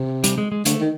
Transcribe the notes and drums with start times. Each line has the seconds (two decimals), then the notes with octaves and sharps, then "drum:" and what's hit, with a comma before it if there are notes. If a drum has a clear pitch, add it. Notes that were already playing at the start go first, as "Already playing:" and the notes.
Already playing: C3
0.24 G3, drum: hi-hat
0.38 G#3
0.52 G#3
0.65 D3 A3, drum: hi-hat
0.80 D#3